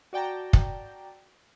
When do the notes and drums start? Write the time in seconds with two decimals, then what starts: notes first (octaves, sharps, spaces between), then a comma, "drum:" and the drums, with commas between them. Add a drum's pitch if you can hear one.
0.13 F#4 D5 G5 A5 A#5
0.53 drum: kick